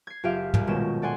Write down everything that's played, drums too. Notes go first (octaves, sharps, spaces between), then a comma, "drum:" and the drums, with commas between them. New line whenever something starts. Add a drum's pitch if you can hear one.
G#6 C7
F#1 F4 G4 E5 F5 D7
C2, drum: tom
D#1 B2 G#3 C#4 G5 E7
A4 D5 F#5 G#5 C6